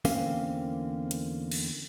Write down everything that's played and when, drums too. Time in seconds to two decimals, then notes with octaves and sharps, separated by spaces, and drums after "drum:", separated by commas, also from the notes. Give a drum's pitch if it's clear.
0.05 E2 D3 A#3 C4 C#4 F5, drum: open hi-hat
1.11 drum: hi-hat
1.52 drum: cymbal